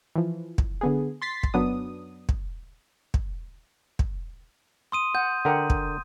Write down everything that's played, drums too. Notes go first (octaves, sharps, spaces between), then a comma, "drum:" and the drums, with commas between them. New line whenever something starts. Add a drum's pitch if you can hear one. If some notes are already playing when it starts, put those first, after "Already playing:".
E3 F3
drum: kick
D3 B3 G#4
C6 A6 B6 C7
drum: kick
F#2 F#3 B3 D4 D#6
drum: kick
drum: kick
drum: kick
C6 D#6 D#7
F#5 G6
D3 A#4 F#5 G5
drum: kick